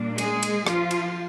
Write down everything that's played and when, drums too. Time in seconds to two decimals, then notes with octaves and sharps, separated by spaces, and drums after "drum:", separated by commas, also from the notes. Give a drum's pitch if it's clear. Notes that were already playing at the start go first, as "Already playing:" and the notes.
Already playing: A#2 G3 A#3 D4
0.18 G#3 G#4, drum: cymbal
0.43 drum: cymbal
0.67 F3 F4, drum: rim click
0.91 drum: cymbal